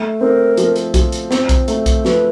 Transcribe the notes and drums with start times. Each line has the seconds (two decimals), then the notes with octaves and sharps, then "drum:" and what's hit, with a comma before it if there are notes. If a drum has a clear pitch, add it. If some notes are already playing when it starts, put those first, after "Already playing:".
Already playing: A3
0.21 C4 A#4
0.57 F3, drum: hi-hat
0.76 drum: hi-hat
0.94 F3, drum: kick B1, hi-hat
1.12 drum: hi-hat
1.31 C4, drum: snare
1.49 drum: kick B1, hi-hat
1.68 A3, drum: hi-hat
1.86 drum: kick B1, hi-hat
2.05 F3 B4, drum: snare